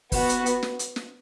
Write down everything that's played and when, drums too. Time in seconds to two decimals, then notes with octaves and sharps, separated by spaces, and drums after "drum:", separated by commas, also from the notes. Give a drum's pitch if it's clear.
0.12 B3 F#4, drum: kick, open hi-hat
0.29 drum: hi-hat
0.46 drum: hi-hat
0.63 drum: snare
0.79 drum: hi-hat
0.96 drum: snare